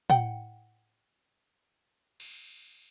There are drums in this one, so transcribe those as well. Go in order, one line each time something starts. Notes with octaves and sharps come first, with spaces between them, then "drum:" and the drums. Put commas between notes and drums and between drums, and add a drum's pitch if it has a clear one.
F#5 G5, drum: tom
drum: cymbal